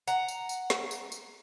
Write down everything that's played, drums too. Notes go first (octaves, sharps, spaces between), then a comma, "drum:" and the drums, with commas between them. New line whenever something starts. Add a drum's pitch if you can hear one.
F#5 A#5, drum: tambourine
drum: tambourine
drum: tambourine
drum: snare
drum: tambourine
drum: tambourine